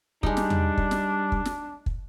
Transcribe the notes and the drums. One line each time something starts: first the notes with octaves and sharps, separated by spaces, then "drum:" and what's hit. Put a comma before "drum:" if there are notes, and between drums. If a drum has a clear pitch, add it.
G3 G#3 D4 D#4, drum: kick
drum: snare
drum: tom E2
drum: kick
drum: snare
drum: kick
drum: snare
drum: kick